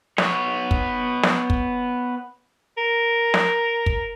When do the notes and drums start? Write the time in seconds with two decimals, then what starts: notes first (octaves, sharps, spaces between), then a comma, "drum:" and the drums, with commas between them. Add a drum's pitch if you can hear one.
0.18 B3 C#5, drum: snare
0.71 drum: kick
1.23 drum: snare
1.50 drum: kick
2.77 A#4
3.34 drum: snare
3.86 drum: kick